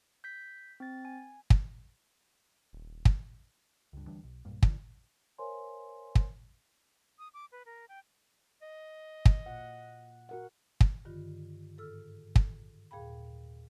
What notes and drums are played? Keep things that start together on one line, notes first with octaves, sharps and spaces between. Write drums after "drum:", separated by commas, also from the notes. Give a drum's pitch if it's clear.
G6 B6
C4 A6
G#5
drum: kick
D#1
drum: kick
C#2 G2
D2 E3 G3 D4
B1
B1 G2 A#2
D3 F3, drum: kick
A#4 C5 C#5 E5 G#5 C6
drum: kick
D#6
D6
B4
A#4
G5
D#5
drum: kick
A#2 F#5
F#4 A#4 F#5
drum: kick
G2 D3 D#3 F4
G#2 A4 E6 F6
drum: kick
D#2 A#2 G#4 F5 G5 B5